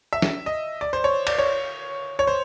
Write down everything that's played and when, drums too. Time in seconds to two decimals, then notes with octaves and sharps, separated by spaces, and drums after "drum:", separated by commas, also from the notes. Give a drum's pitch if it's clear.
0.13 E5
0.22 drum: snare
0.46 D#5
0.81 D5
0.93 C5
1.04 C#5
1.27 D5, drum: cymbal
1.38 C#5
2.19 C#5
2.27 C5